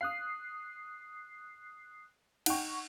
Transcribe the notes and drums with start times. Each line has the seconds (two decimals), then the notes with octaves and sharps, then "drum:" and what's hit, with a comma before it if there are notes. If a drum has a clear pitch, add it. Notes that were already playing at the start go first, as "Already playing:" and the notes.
0.01 F5 D#6 F#6 C7
2.46 D#4 F#5 G5 C#6, drum: cymbal